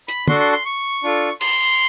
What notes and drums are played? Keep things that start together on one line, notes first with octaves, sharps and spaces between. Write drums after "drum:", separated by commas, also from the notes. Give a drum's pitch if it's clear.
B5, drum: hi-hat
D4 F#4 A4 C6, drum: tom
C6
C6
C#6
D4 F4 A4
C6, drum: cymbal